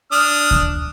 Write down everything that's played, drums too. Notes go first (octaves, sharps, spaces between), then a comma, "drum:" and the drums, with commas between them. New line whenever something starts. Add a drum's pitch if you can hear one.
D4 D#6 F6
drum: kick D2